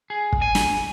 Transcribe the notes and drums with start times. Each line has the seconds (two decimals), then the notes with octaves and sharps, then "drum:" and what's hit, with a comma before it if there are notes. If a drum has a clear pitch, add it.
0.10 G#4
0.32 drum: kick
0.42 G#5
0.55 drum: snare